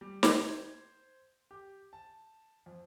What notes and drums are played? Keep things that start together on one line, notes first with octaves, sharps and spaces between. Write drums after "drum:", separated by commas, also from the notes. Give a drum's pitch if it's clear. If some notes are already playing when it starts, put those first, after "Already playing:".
G3
G#6, drum: snare
C5
G4
A5
F2